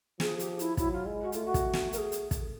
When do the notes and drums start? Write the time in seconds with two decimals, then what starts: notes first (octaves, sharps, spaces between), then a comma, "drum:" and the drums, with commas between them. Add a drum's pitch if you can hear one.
0.20 F3 G#4, drum: snare
0.39 G4, drum: hi-hat
0.59 E4, drum: hi-hat
0.77 F#3 E4, drum: kick, hi-hat
0.92 F4
1.06 G#3
1.21 F#4
1.32 A3 F4, drum: hi-hat
1.44 F#4
1.54 drum: kick, hi-hat
1.73 drum: snare
1.93 A#4, drum: hi-hat
1.97 G#4
2.12 drum: hi-hat
2.31 drum: kick, hi-hat